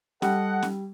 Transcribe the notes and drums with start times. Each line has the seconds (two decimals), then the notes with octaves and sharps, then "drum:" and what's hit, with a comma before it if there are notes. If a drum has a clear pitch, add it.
0.22 G3 A4 D#5 F#5, drum: snare
0.63 drum: snare